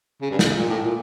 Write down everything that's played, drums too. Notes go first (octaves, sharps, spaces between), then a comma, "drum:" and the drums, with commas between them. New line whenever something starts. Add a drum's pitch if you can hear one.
C#3
G2
F2, drum: snare
G#2
A#2
A2
A#2